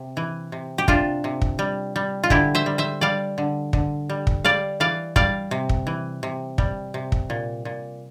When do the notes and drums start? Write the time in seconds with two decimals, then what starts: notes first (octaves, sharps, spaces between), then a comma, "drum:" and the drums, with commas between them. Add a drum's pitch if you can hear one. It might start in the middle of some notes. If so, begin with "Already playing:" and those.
Already playing: C3
0.17 E3
0.52 C3
0.78 G4
0.88 C3 D4 F4, drum: kick
1.24 C3
1.42 drum: kick
1.59 G3
1.96 G3
2.23 F4
2.30 D3 E4 G4, drum: kick
2.55 C5 E5
2.66 G3
2.78 C5 E5
3.01 G3 D5 F5
3.38 D3
3.73 D3, drum: kick
4.10 G3
4.27 drum: kick
4.44 G3 D5 F5
4.80 E3 D5 F5
5.16 G3 D5 F5, drum: kick
5.51 C3
5.69 drum: kick
5.87 E3
6.23 C3
6.58 G3, drum: kick
6.94 C3
7.12 drum: kick
7.30 A#2
7.65 A#2